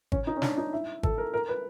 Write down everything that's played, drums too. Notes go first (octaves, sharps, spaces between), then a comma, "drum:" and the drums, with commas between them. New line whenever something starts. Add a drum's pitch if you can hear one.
C#4, drum: kick G#1
D#4
C#4
D4, drum: snare
D#4
E4
A4, drum: kick G#1
A#4
A#4
B4